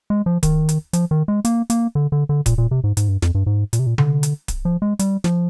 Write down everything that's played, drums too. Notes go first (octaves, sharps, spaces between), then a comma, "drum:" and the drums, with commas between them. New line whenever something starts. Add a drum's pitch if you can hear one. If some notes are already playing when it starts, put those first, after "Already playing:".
G#3
F3
D#3, drum: kick D1, hi-hat
drum: hi-hat
F3, drum: hi-hat
D#3
G#3
A#3, drum: hi-hat
A#3, drum: hi-hat
D3
D3
D3
A#2, drum: kick D1, hi-hat
A#2
C3
G#2
G#2, drum: hi-hat
G2
F2, drum: snare
G2
G#2
A#2, drum: hi-hat
C3
A#2
D3, drum: tom C3
drum: hi-hat
drum: kick D1, hi-hat
F3
G#3
G3, drum: hi-hat
F3, drum: snare